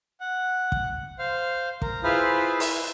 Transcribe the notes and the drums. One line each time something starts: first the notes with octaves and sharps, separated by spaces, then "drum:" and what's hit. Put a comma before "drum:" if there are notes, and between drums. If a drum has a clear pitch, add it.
F#5
drum: kick
C5 F5
A#4, drum: kick
E4 F4 G#4 B4 C5 F5
E4, drum: open hi-hat